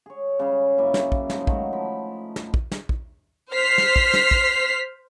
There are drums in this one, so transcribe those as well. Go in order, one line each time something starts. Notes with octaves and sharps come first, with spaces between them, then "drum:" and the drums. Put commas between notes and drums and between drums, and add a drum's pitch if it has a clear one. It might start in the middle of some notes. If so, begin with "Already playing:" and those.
G#4 C#5
C#3 G3 C#4 G#4
F#2 A#3 E4 G#5
drum: snare
drum: kick
G#2 F3 D#4, drum: snare
D#3 F#3 A3, drum: kick
F3 B5
drum: snare
drum: kick
drum: snare
drum: kick
C5 F6 B6 C7
drum: snare
drum: kick
drum: snare
drum: kick